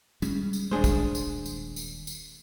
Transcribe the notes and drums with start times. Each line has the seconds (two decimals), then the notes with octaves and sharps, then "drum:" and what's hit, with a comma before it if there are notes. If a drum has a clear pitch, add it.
0.22 G3 G#3 C#4, drum: tambourine
0.53 drum: tambourine
0.71 D#1 G#3 D4 G#4 C5
0.84 drum: kick, tambourine
1.15 drum: tambourine
1.46 drum: tambourine
1.76 drum: tambourine
2.07 drum: tambourine